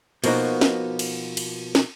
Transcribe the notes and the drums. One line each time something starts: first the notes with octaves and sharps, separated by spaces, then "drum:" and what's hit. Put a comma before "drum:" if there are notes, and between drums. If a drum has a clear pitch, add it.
B2 F3 A#3 D#4 F#4, drum: cymbal
drum: snare
drum: cymbal
drum: cymbal
drum: snare